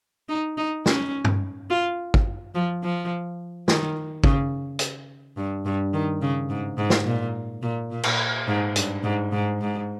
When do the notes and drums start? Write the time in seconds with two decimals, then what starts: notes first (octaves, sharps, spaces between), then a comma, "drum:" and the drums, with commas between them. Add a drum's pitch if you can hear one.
0.29 D#4
0.57 D#4
0.86 C#4, drum: snare
1.25 drum: tom G2
1.70 F4
2.14 drum: kick
2.55 F3
2.83 F3
3.68 D#3, drum: snare
4.24 C#3, drum: kick
4.79 drum: hi-hat
5.37 G2
5.66 G2
5.93 D#3
6.22 C#3
6.50 G#2
6.78 G#2
6.90 drum: snare
7.06 A#2
7.62 A#2
7.91 A#2
8.03 drum: cymbal
8.48 G#2
8.76 G2, drum: hi-hat
9.03 G#2
9.32 G#2
9.60 G#2